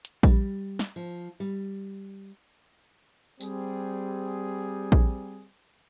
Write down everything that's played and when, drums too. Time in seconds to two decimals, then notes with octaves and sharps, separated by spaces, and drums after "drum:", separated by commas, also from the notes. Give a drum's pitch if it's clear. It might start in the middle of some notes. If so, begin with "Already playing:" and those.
0.05 drum: hi-hat
0.23 G3, drum: kick A#1
0.79 drum: snare
0.96 F3
1.40 G3
3.41 G3 C4 G#4, drum: tambourine
4.92 drum: kick A#1